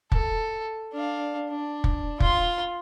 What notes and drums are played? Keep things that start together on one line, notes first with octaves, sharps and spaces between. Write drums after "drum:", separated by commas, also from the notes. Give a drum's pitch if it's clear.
A4, drum: kick
D4 F5
D4
drum: kick
F4 C6, drum: kick